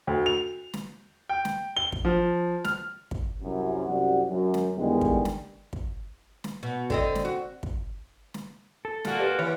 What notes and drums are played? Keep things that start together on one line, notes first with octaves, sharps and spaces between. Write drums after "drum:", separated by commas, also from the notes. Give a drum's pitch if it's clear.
D2
F7
drum: snare
G5
drum: snare
G7
drum: kick
F3
F6, drum: snare
drum: kick
C2 F#2
C2 F#2 G4 D5 F#5
F#2
drum: snare
E2 D3 D#3 G3 G#3 B3
drum: kick
drum: snare
drum: kick
drum: snare
B2
D3 C4 D#5, drum: kick
drum: snare
F#4
drum: kick
drum: snare
A4
A#2 A#3 F#4, drum: snare
G4 B4 D5
E3 C#5